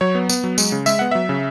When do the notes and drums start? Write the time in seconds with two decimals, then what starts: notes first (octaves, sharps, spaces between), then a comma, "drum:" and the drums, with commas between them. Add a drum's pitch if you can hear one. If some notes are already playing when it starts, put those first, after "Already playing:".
0.01 F#3 C#5
0.15 B3
0.29 B3, drum: tambourine
0.44 F#3
0.58 G#3, drum: tambourine
0.72 C#3
0.86 G#3 E5, drum: tambourine
0.99 B3 F#5
1.11 F#3 E5
1.29 C#3